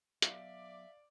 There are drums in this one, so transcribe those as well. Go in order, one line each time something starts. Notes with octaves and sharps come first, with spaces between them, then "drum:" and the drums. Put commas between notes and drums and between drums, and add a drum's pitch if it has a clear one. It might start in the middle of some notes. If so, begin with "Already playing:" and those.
F#3 B3 D5 E5 F5, drum: hi-hat